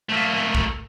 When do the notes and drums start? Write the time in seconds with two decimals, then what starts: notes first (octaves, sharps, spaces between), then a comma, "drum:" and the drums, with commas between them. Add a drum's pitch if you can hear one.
0.09 A3 A#3
0.55 drum: kick